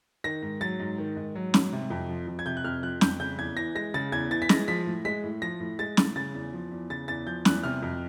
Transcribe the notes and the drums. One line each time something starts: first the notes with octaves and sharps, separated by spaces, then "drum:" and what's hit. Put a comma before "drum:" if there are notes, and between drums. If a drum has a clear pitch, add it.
D#3 A#6
G#2
F#3 A6
G#2
D#3
G#2
F#3
G#2, drum: snare
C3
F2
F3
F2
G#6
C3 G6
F#6
F2 F6
F3 F#6
F2 G6, drum: snare
C#3 G6
E2 G#6
E3 A#6
G#3 A#6
C#3 A6
E2 G#6
E3 A6
B6
G#3 A#6, drum: snare
F3 B6
A2
G#3 B6
A2
F3 A#6
A2
G#3 A6
A2, drum: snare
C#3 A6
E2
F3
E2
C#3 A6
E2 A6
F3 G6
E2 F#6, drum: snare
C3 F6
F2